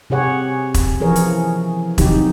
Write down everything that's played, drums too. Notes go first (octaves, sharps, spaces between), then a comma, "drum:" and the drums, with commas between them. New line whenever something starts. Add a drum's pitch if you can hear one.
C3 G4 G#4 C#5 F#5
drum: kick E1, hi-hat
E3 F3 G#4 A#4 C#5
drum: hi-hat
C3 D#3 F#3 D#4 G4, drum: kick E1, hi-hat